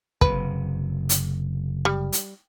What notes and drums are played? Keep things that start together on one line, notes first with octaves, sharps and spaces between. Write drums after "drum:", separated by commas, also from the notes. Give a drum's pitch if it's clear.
F#1 C3 B4, drum: kick
drum: hi-hat
G3
drum: hi-hat